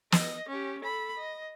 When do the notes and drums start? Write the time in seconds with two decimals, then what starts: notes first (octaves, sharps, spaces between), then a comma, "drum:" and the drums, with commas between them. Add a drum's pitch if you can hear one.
0.12 D#5, drum: snare
0.49 C#4 G4
0.81 A4 B5
1.17 D#5